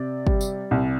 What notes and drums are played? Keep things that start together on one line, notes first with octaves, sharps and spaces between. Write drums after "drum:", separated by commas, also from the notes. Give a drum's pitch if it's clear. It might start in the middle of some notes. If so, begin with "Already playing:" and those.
Already playing: C3 D5
G3, drum: kick
drum: tambourine
C2